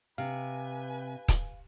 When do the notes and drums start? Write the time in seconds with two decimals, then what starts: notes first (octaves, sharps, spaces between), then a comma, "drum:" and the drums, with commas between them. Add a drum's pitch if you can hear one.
0.18 C3 B4 F5 G#5
1.28 drum: kick D#1, hi-hat